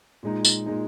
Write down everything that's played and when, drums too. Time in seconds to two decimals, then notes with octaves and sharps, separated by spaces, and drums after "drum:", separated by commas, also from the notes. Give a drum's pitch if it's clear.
0.23 A#2 G#3 D#4
0.45 drum: tambourine
0.66 A#2 G#3 D#4